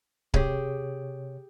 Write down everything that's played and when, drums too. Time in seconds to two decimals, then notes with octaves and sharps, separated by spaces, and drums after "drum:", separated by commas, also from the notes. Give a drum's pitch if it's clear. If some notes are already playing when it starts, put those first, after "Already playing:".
0.34 C3 G4 G#4 C#5, drum: kick C#1